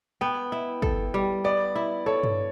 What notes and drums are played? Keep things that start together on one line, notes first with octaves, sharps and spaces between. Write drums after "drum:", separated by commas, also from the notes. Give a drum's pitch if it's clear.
B3 G5
E4
A4, drum: kick
G3
B3 D5
E4
A4 C#5
drum: tom G2